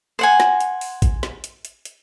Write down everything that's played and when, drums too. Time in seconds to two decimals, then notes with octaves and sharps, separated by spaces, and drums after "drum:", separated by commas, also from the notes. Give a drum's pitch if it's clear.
0.19 C5 F#5 G#5
0.40 drum: snare
0.61 drum: hi-hat
0.81 drum: open hi-hat
1.02 drum: kick, hi-hat
1.23 drum: snare
1.44 drum: hi-hat
1.65 drum: hi-hat
1.85 drum: hi-hat